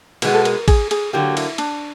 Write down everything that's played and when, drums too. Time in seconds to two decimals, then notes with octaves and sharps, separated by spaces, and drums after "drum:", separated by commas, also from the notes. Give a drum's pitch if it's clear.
0.22 B2 G#3 B3 B4, drum: cymbal
0.34 A4
0.45 A#4, drum: cymbal
0.68 G#4, drum: kick, cymbal
0.91 G#4, drum: cymbal
1.13 D3 F#3 A#3 G4
1.37 E4, drum: cymbal
1.58 D4, drum: cymbal